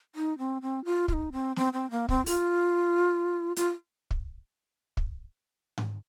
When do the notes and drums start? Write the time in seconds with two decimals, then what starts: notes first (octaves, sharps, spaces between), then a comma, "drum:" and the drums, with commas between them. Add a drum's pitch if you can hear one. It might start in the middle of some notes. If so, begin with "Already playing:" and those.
0.15 D#4
0.38 C4
0.62 C4
0.85 F4
1.08 F4, drum: kick
1.13 D#4
1.32 C4
1.56 C4, drum: snare
1.73 C4
1.91 A#3
2.09 C4, drum: kick
2.26 F4, drum: open hi-hat
3.56 F4, drum: hi-hat
4.11 drum: kick
4.97 drum: kick
5.78 drum: tom G#2